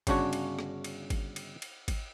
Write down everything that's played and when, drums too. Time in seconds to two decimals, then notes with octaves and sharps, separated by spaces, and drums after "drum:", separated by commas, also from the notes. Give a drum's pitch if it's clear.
0.07 G1 C#3 C#4 D4 F#4 C#5, drum: kick G#1, cymbal
0.33 drum: cymbal
0.59 drum: rim click
0.84 drum: cymbal
1.10 drum: kick G#1, cymbal
1.36 drum: cymbal
1.62 drum: cymbal
1.88 drum: kick G#1, cymbal